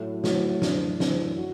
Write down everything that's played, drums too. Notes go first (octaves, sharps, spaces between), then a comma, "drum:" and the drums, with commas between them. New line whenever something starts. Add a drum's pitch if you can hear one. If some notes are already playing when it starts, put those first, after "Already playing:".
Already playing: A2 F#3 A3 E4
A2 F#3 A3 E4, drum: snare
F#2 E3 D4, drum: snare
F#2 E3 D4, drum: snare
F#4